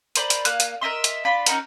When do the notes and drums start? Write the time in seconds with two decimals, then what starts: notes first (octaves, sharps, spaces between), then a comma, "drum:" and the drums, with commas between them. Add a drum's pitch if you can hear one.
0.16 A#4 C5 D5 B5, drum: hi-hat
0.30 drum: hi-hat
0.45 A#3 F5 F#6, drum: hi-hat
0.60 drum: hi-hat
0.81 A#4 D#5 E5 C6
1.04 drum: hi-hat
1.25 D4 F4 B5
1.46 C#4 D#4 F#4 A#4, drum: hi-hat